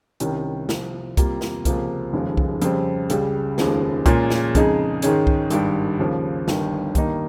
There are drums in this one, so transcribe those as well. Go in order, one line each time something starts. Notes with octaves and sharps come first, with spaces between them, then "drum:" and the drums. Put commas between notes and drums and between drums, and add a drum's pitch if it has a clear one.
C2 C3 D#3 G3 C#4, drum: hi-hat
C2 C3 F3, drum: snare
C3 G3 A#3 F4, drum: kick C2, hi-hat
drum: snare
C#2 C3 F3 A#3, drum: kick C2, hi-hat
F1 D#2 C#3 F3 G#3
drum: kick C2
F2 C#3 G3 C4, drum: hi-hat
C#2 C#3 G3, drum: hi-hat
F1 D#2 C#3 F3 G#3, drum: snare
A#2 G#3 C#4 F4 G#4, drum: kick C2, hi-hat
drum: snare
F2 C#3 G#3 D#4 G#4, drum: kick C2, hi-hat
G#2 D#3 G#3 C#4 G#4, drum: hi-hat
drum: kick C2
G#1 G2 G3, drum: hi-hat
D#2 C#3 F3
G1 G2 D#3, drum: snare
G2 D#3 A#3 D#4, drum: kick C2, hi-hat